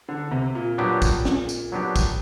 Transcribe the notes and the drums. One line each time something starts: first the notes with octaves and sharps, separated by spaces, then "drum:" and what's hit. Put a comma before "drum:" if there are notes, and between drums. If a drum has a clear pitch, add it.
D3
C3
A#2
F#3 B3 D4 G4
drum: kick, tambourine
drum: snare
drum: tambourine
F#3 B3 D4 G4
drum: kick, tambourine